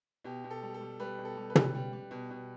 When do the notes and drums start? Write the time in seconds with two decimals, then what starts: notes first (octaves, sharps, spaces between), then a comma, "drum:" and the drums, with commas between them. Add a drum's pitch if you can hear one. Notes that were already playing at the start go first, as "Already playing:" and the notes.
0.24 B2 G4
0.44 B2
0.50 A4
0.62 G3
0.74 A4
0.81 G3
1.00 G3 B4
1.19 B2
1.25 A4
1.37 G3
1.50 B4
1.55 G3, drum: tom
1.75 G3
1.93 G3
2.11 B2
2.30 B2